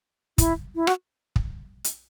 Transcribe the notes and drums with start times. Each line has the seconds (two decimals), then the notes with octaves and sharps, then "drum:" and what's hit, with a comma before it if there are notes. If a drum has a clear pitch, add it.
0.38 E4, drum: kick, hi-hat
0.76 E4
0.87 F#4, drum: rim click
1.36 drum: kick
1.84 drum: hi-hat